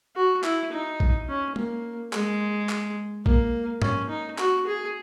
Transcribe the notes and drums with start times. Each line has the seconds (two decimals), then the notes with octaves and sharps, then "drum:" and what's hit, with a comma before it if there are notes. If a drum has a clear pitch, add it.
0.16 F#4
0.44 E4, drum: clap
0.72 D#4
1.00 drum: kick A#1
1.29 C#4
1.56 A#3, drum: tom
2.13 G#3, drum: clap
2.69 drum: clap
3.26 A#3, drum: kick A#1
3.82 C#4, drum: tom G#2
4.09 D#4
4.38 F#4, drum: clap
4.66 G#4